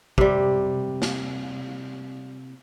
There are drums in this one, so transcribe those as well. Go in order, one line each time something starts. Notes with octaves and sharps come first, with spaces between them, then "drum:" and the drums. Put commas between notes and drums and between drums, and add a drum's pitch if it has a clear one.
C3 G3, drum: kick
drum: snare